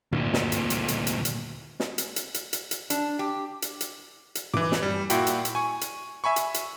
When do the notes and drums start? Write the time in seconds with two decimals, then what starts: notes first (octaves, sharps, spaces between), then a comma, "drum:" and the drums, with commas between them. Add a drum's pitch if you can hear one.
0.12 D2 A#2, drum: tom G2
0.34 drum: snare
0.52 drum: hi-hat
0.70 drum: hi-hat
0.88 drum: hi-hat
1.07 drum: hi-hat
1.25 drum: hi-hat
1.80 drum: snare
1.98 drum: hi-hat
2.16 drum: hi-hat
2.34 drum: hi-hat
2.53 drum: hi-hat
2.71 drum: hi-hat
2.90 D4, drum: hi-hat
3.19 G4
3.62 drum: hi-hat
3.81 drum: hi-hat
4.35 drum: hi-hat
4.54 E3 D6, drum: tom G2
4.72 drum: snare
4.82 G3
5.10 A#2 E4 F#4 G5, drum: hi-hat
5.27 drum: hi-hat
5.45 drum: hi-hat
5.55 G#5 C#6
5.81 drum: hi-hat
6.24 E5 G#5 B5 C#6
6.36 drum: hi-hat
6.54 drum: hi-hat